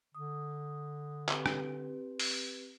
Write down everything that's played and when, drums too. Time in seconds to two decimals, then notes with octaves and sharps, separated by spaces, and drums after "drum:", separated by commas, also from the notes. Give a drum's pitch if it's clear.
0.15 D3 D#6
1.29 C4 G4 B4, drum: clap
1.46 drum: rim click
2.20 drum: open hi-hat